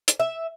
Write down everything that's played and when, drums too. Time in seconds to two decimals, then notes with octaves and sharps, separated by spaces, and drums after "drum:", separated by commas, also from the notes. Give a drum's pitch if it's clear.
0.08 drum: hi-hat
0.20 E5